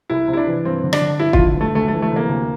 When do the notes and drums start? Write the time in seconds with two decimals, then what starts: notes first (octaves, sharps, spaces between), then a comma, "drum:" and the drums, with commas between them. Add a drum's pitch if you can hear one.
0.10 C2 E4
0.28 C3
0.33 E4
0.37 D4
0.47 E3
0.65 G2 C4
0.84 D3
0.93 D4, drum: rim click
1.01 D3
1.19 G2 E4
1.33 F4, drum: kick
1.38 D3
1.56 G2 A3
1.75 D2 A3
1.88 A3
1.94 E3
2.02 A3
2.12 C3 A#3
2.29 D2